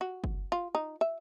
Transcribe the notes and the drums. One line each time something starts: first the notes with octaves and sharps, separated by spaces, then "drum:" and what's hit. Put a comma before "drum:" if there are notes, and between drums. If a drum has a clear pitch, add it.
F#4
drum: kick F#1
F4
D#4
E5